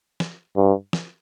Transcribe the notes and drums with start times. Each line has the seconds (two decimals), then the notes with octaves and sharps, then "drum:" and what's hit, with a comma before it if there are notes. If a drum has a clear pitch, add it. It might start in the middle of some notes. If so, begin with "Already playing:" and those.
0.20 drum: snare
0.56 G2
0.93 drum: snare